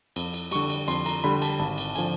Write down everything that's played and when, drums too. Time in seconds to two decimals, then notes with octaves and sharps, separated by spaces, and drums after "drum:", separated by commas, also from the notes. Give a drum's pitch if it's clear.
0.16 F2, drum: cymbal
0.34 drum: cymbal
0.51 D3 G3 C#6, drum: cymbal
0.70 drum: cymbal
0.88 F2 C6, drum: cymbal
1.06 A#5, drum: cymbal
1.24 D3 G3 B5
1.42 A5, drum: cymbal
1.59 G#1 A5
1.78 drum: cymbal
1.95 D3 F3 G#5, drum: cymbal